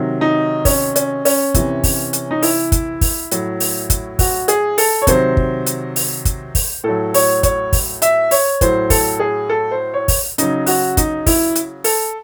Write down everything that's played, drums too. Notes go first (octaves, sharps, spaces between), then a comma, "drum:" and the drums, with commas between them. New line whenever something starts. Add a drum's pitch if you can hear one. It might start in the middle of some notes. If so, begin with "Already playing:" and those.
Already playing: C3 D#3 F#3
D#4
C#4, drum: kick, open hi-hat
C#4, drum: hi-hat
C#4, drum: open hi-hat
C3 E3, drum: kick, hi-hat
drum: kick, open hi-hat
drum: hi-hat
D#4
E4, drum: open hi-hat
drum: kick, hi-hat
drum: kick, open hi-hat
A2 F#3, drum: hi-hat
drum: open hi-hat
drum: kick, hi-hat
F#4, drum: kick, open hi-hat
G#4, drum: hi-hat
A4, drum: open hi-hat
C#5
C3 D#3 F#3 C5, drum: kick, hi-hat
drum: kick
drum: hi-hat
drum: open hi-hat
drum: kick, hi-hat
drum: kick, open hi-hat
A2 F#3 A4
C#5, drum: open hi-hat
C#5, drum: kick, hi-hat
drum: kick, open hi-hat
E5, drum: hi-hat
C#5, drum: open hi-hat
A2 F#3 C5, drum: kick, hi-hat
A4, drum: kick, open hi-hat
G#4
A4
C5
C#5
drum: kick, open hi-hat
C#3 F#3 D#4, drum: hi-hat
F#4, drum: open hi-hat
D#4, drum: kick, hi-hat
E4, drum: kick, open hi-hat
drum: hi-hat
A4, drum: open hi-hat